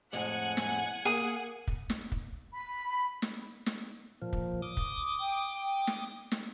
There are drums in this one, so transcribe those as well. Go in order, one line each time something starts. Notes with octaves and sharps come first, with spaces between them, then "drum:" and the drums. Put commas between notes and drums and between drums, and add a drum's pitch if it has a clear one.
F2 A2 G#3 F#5 G#5
drum: snare
A#3 G#4
drum: kick
drum: snare
drum: kick
B5
drum: snare
drum: snare
A#2 F3
drum: kick
D6 D#6
drum: kick
G5
drum: snare
drum: snare